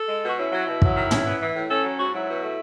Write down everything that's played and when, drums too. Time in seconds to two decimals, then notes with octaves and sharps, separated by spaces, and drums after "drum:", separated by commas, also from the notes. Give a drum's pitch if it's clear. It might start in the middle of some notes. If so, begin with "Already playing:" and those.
Already playing: A4
0.09 G#3
0.23 B2 F#4
0.37 C#4 E4
0.52 F#3
0.67 B2
0.82 F#3, drum: kick
0.95 D#3
1.11 C#4, drum: tom
1.25 B3
1.40 E3
1.54 A2
1.69 C#4 A4
1.83 F#3
1.97 G#2 F#4
2.13 F#3 E4
2.27 B2
2.42 A3